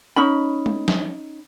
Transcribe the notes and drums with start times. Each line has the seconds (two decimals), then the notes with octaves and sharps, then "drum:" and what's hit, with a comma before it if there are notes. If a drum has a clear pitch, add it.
0.16 C#4 D#4 B5
0.66 drum: tom
0.88 drum: snare